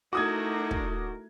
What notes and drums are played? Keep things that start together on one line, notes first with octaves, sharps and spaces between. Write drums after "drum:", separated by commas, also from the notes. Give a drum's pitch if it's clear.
A3 D#4 E4 F#4 A#4 D6 D#6 G#6
drum: kick